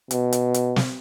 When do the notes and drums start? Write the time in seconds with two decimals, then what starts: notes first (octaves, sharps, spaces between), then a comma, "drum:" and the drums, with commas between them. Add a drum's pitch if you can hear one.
0.11 B2, drum: hi-hat
0.33 drum: hi-hat
0.54 drum: hi-hat
0.76 drum: snare